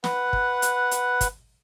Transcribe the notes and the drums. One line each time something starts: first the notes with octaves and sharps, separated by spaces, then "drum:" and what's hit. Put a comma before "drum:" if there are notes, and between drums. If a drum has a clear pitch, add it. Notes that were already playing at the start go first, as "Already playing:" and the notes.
B4 F#5, drum: snare
drum: kick
drum: hi-hat
drum: hi-hat
drum: kick, hi-hat